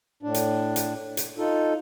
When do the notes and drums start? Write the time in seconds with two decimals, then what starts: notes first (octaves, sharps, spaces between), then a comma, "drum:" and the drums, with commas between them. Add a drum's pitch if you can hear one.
0.23 A2 D4
0.34 drum: hi-hat
0.76 drum: hi-hat
1.17 drum: hi-hat
1.38 D#4 F4 A4